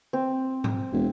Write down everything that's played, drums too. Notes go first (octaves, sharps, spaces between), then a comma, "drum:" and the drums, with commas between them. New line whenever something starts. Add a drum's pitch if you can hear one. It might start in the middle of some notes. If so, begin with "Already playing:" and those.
C4
drum: tom G#2
E1